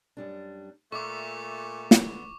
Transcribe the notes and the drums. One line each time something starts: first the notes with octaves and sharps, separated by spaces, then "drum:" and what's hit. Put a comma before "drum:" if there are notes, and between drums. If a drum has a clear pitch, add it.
F#2 G3 D4
A#2 A3 E5 C#6 D6
D3 B3, drum: snare